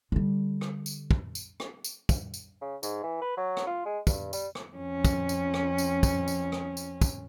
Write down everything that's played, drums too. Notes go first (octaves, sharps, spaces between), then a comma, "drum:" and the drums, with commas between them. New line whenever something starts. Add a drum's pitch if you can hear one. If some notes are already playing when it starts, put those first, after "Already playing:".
D3 G3
drum: rim click
drum: tambourine
drum: kick
drum: tambourine
drum: rim click
drum: tambourine
drum: kick, tambourine
drum: tambourine
C#3
G#2, drum: tambourine
E3
B4
F#3
drum: rim click
F4
G#3
G2, drum: kick, tambourine
G3, drum: tambourine
drum: rim click
F2 C#4
drum: kick, tambourine
drum: tambourine
drum: rim click
drum: tambourine
drum: kick, tambourine
drum: tambourine
drum: rim click
drum: tambourine
drum: kick, tambourine